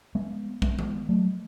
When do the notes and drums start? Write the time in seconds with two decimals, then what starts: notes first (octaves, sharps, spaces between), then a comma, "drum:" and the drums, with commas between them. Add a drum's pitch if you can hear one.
0.15 G#3 B3
0.62 G#3 B3, drum: kick
0.79 drum: tom D#3
1.09 F#3 A3